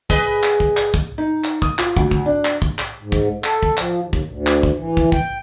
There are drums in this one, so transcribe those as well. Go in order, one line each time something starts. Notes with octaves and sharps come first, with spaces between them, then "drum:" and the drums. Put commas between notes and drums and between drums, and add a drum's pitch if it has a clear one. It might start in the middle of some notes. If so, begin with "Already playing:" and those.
G#4 B4 D#5, drum: kick
drum: clap
drum: kick
drum: clap
drum: kick
D#4
drum: clap
D#6, drum: kick
F4, drum: clap
D2, drum: kick
drum: kick
D4
drum: clap
drum: kick
drum: clap
G#2
drum: kick
A4, drum: clap
drum: kick
F3, drum: clap
D#2
drum: kick
D2
drum: clap
drum: kick
E3
drum: kick
G5, drum: kick